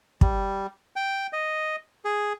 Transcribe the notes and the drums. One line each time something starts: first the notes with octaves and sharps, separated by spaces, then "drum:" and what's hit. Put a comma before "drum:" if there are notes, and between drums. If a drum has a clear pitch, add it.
G3, drum: kick
G5
D#5
G#4